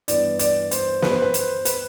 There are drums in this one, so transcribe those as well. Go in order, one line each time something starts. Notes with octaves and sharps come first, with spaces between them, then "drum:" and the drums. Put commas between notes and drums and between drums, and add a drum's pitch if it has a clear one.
G2 E3 B3 D5, drum: hi-hat
D5, drum: hi-hat
C5, drum: hi-hat
B4, drum: snare
C5
B4
C5, drum: hi-hat
B4, drum: hi-hat